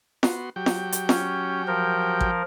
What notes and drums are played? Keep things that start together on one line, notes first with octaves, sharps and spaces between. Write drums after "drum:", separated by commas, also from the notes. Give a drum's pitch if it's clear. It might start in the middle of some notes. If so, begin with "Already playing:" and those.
B3 F#4 C6, drum: snare
F#3 G4 G5
drum: snare
drum: hi-hat
C#4, drum: snare
F3 A#4
drum: kick A1